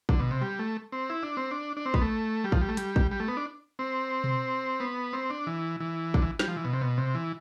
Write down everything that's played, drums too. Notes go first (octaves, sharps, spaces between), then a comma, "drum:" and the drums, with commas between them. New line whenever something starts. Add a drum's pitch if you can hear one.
D3, drum: kick
B2
C3
G3
A3
C4
E4
D4
C4
D4
D4
C4
B3, drum: kick
A3
G3
F3, drum: kick
G3
A3
G3, drum: hi-hat
drum: kick
G3
A3
B3
D4
C4
drum: tom B2
B3
C4
D4
E3
E3
D3, drum: kick
E3
G3, drum: snare
F3
E3
B2
C3
B2
C3
E3